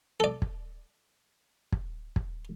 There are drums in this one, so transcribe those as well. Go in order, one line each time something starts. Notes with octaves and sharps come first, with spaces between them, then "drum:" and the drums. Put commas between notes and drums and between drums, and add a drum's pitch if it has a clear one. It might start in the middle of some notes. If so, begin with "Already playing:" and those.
A4 D5
drum: kick
drum: kick
drum: kick